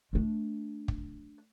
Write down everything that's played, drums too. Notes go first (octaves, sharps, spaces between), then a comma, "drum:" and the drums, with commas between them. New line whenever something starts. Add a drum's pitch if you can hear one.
A3 D4
drum: kick